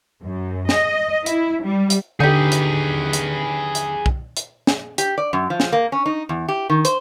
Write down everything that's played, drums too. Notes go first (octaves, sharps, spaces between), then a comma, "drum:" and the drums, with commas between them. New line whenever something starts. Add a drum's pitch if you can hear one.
F#2
D#5, drum: snare
E4, drum: hi-hat
G3
drum: hi-hat
D3 D#4 G4 G#4 B4
drum: hi-hat
drum: hi-hat
drum: hi-hat
drum: kick
drum: hi-hat
drum: snare
G4, drum: hi-hat
D5
F#2
F3
drum: snare
A#3
C#4
D#4
E2
G4
D#3
C5, drum: hi-hat